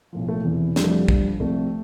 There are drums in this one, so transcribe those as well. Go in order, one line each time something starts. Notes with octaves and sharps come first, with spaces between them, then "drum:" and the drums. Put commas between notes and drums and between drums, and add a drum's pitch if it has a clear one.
B1 A2 F3
A3
E1 E2 C3 E3
F1 F2 D3 F3 G3, drum: snare
A3
G3
D2 D3 F3, drum: kick
C2 C3 F3 A3